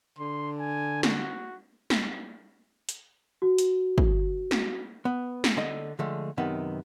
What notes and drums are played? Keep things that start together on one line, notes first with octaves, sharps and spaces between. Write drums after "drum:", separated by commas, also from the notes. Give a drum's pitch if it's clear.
D3 C6
G#5
F#4, drum: snare
drum: snare
drum: hi-hat
F#4
drum: hi-hat
drum: kick
drum: snare
B3
drum: snare
D3 A4 D#5
D3 F3 G#3 A3
F#2 C3 D#3 B3